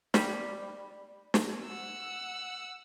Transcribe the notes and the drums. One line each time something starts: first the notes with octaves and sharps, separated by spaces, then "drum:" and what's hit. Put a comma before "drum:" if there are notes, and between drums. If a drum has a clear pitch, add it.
G3, drum: snare
drum: snare
F#5 E6